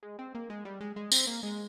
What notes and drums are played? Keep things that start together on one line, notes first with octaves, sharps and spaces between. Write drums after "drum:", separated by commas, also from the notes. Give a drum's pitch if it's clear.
G#3
C4
A#3
G#3
G3
G#3
G#3
C4, drum: tambourine
A#3
G#3